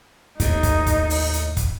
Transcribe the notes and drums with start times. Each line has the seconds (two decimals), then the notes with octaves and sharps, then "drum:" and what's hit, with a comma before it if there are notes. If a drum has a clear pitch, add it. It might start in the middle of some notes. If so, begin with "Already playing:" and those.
0.40 D#2 A2 D#4, drum: kick, hi-hat
0.63 drum: kick, hi-hat
0.86 drum: kick, hi-hat
1.10 drum: open hi-hat
1.33 drum: hi-hat
1.57 drum: kick, hi-hat